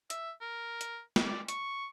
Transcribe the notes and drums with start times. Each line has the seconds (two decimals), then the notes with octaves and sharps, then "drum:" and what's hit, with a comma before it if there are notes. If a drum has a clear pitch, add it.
0.10 E5, drum: hi-hat
0.41 A#4
0.81 drum: hi-hat
1.16 drum: snare
1.26 D5
1.48 C#6, drum: hi-hat